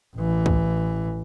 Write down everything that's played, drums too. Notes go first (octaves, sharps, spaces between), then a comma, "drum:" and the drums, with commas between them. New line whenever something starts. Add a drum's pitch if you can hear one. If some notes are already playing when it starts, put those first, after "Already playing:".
A1 E3
drum: kick